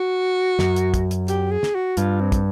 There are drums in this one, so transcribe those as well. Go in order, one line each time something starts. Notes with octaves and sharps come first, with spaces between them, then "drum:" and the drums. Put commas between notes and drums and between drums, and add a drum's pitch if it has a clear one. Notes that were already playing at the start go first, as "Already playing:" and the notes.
Already playing: F#4
F#2, drum: snare
drum: hi-hat
drum: kick, hi-hat
drum: hi-hat
G4, drum: hi-hat
G#4
drum: snare
F#4
G2 F4, drum: hi-hat
C4
drum: kick, hi-hat